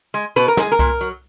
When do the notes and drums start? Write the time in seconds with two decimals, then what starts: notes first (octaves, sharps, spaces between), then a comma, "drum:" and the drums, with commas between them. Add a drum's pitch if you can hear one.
0.14 G#3
0.36 B2 B4, drum: tambourine
0.48 A#4
0.57 G#3 G#4, drum: snare
0.72 A#4
0.79 A#2, drum: kick C2, tambourine
1.01 F#3, drum: tambourine